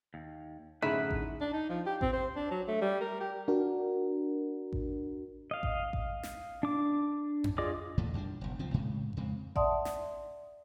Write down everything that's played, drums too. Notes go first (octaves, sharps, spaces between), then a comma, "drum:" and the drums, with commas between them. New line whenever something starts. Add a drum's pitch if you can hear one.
D#2
F#2 A2 D3 C#4 D#4 E4 G#4 B4
drum: kick A1
D4
D#4
F3
G4
C4, drum: kick A1
C5
D4
F#3
A3
G3
A#4
G4
D4 F#4 A#4
drum: kick A1
D#5 F5
drum: kick A1
drum: kick A1
drum: snare
D4 D6
drum: tom F2
F4 G#4 D5 D#5 D6
D#2 A#2 E3 A3
F#2 G3 G#3 D4
F#1 B1
C#2 F3 C4
A2 C#3 G#3
F2 C#3 G#3 C4
D5 E5 F#5 A5 C6 D#6, drum: kick A1
drum: snare